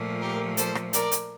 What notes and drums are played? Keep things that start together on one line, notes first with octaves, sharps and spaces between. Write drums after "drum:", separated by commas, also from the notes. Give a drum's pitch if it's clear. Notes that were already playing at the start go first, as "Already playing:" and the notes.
Already playing: A#2 F3 A3
G4 A#4
A4 C5, drum: hi-hat
drum: rim click
A#4 D5, drum: hi-hat
drum: hi-hat